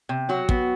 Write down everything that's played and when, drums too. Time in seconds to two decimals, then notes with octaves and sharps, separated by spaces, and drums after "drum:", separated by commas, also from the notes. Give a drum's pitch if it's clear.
0.09 C3
0.29 F#3 F#4
0.49 B3, drum: kick